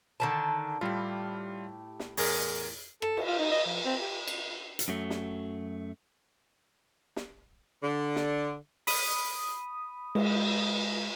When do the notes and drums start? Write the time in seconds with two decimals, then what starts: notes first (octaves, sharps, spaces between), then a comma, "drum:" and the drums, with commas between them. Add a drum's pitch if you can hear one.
0.20 D3 D#3 A5
0.81 A2 G3 F4 G4
2.00 drum: snare
2.17 E2 G#4 A#4, drum: open hi-hat
3.02 A4, drum: rim click
3.17 drum: cymbal
3.28 F4
3.39 D#4
3.51 D#5
3.66 F3
3.85 C4
4.01 G4
4.28 drum: cymbal
4.79 drum: hi-hat
4.88 F#2 F#3 A3
5.10 drum: snare
7.16 drum: snare
7.83 D3
8.16 drum: snare
8.87 B5 D#6, drum: open hi-hat
10.15 G#3, drum: cymbal